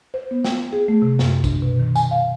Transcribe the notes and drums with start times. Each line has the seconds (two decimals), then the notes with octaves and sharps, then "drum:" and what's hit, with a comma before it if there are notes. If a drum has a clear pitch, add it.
0.14 C5
0.31 B3
0.45 G5, drum: snare
0.73 G#4
0.88 A3
1.02 C3
1.19 F#2, drum: snare
1.44 D4, drum: kick, tambourine
1.62 B2
1.79 D#3
1.96 G#5, drum: tambourine
2.11 F5